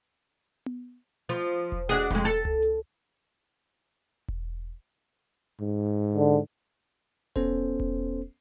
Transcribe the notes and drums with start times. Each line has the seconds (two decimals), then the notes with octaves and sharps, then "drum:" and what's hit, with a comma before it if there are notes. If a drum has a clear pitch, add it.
0.66 drum: tom B3
1.29 F3
1.72 drum: kick E1
1.89 D4 F#4 G#4
2.11 F2 G#3, drum: kick E1
2.25 A4
2.45 drum: tom C#2
2.62 drum: hi-hat
4.28 drum: kick E1
5.60 G#2
6.15 D3
7.36 B3 C#4 A4 C5, drum: kick E1
7.80 drum: kick E1